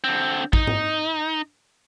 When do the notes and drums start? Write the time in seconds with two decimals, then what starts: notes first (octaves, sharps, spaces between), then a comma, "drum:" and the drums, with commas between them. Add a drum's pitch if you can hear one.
0.04 D3 C4
0.53 D#4, drum: kick
0.67 drum: tom G#2